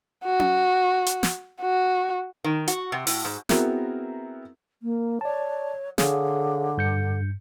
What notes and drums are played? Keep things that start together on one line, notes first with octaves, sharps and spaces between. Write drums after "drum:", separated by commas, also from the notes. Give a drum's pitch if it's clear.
F#4
drum: tom C#4
drum: hi-hat
drum: snare
F#4
D#3
F#4, drum: hi-hat
C3
A2, drum: open hi-hat
G#2
B3 C4 E4 F#4 G#4 A#4, drum: snare
A#3
C#5 D5 A5
D3 G#4 C#5 F5, drum: snare
G2 G6 C#7